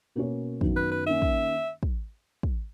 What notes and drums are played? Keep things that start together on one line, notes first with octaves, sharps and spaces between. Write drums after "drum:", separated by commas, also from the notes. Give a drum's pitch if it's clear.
B2 A#3 C#4 F#4 C#5
F#2 D#3 F#3 B3 D#4, drum: kick
B4
B4
D#3 A#3 C#4 E5
drum: kick
drum: kick
drum: kick